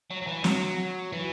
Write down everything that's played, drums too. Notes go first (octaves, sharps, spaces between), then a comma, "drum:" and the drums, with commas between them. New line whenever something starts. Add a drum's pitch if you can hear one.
F#3
F#3
E3
F#3, drum: snare
E3